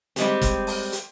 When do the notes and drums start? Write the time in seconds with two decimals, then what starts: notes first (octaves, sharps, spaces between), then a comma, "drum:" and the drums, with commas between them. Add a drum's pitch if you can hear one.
0.16 G3 G#3 C4, drum: hi-hat
0.42 drum: kick F#1, hi-hat
0.67 drum: open hi-hat
0.92 drum: hi-hat